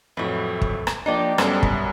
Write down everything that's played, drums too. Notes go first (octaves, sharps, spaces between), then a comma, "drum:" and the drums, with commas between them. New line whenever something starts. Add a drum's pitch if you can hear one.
F2 A2 E3 F#3 A3
drum: kick
drum: rim click
F3 A#3 D4 D#4 G4 D5
F#2 G3 B3 C4 A4 D5, drum: rim click
E4, drum: kick